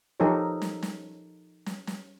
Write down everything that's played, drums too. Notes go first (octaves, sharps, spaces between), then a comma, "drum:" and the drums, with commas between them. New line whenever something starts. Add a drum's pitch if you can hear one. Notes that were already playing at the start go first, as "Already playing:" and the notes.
F3 D#4 G4 A4 A#4 C#5
drum: snare
drum: snare
drum: snare
drum: snare